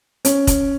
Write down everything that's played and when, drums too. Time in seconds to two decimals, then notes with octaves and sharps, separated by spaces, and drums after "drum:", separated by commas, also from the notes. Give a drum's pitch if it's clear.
0.25 C#4, drum: hi-hat
0.47 drum: kick, hi-hat